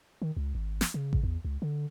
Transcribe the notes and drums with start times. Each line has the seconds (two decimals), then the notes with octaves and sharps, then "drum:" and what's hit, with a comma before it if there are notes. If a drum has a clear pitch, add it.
0.22 D#3
0.37 C#2
0.55 G#1
0.81 drum: snare
0.94 C#3
1.13 drum: kick A1
1.23 E2
1.45 C#2
1.62 D3